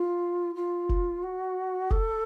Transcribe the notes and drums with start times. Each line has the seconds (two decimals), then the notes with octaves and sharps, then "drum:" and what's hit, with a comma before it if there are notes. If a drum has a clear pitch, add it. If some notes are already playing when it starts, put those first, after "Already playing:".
Already playing: F4
0.55 F4
0.89 drum: kick F1
1.23 F#4
1.91 A4, drum: kick F1